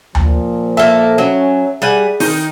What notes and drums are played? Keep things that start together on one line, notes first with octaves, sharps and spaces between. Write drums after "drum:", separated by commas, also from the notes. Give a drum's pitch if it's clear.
A#2 F3, drum: tom D2
A#3 A4 E5
F#3 C#4
G3 G#4 F#5 G#5
D#3 D#4, drum: open hi-hat